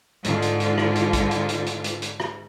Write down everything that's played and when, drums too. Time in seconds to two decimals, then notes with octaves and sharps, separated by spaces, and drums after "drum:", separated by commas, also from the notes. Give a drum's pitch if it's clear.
0.24 G#2 D3 F4, drum: hi-hat
0.42 drum: hi-hat
0.60 drum: hi-hat
0.78 drum: rim click
0.95 drum: hi-hat
1.13 drum: kick, hi-hat
1.31 drum: hi-hat
1.49 drum: hi-hat
1.66 drum: hi-hat
1.84 drum: hi-hat
2.02 drum: hi-hat
2.20 drum: rim click